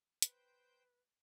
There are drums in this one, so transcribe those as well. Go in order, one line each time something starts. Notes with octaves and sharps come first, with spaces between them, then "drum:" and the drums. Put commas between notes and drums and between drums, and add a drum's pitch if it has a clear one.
B4 C5 G5 G6, drum: hi-hat